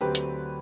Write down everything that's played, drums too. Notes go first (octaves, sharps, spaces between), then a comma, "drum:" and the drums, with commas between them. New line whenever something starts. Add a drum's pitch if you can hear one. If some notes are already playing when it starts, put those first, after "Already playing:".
D2 D3 F#3 C4 G4 B4
drum: hi-hat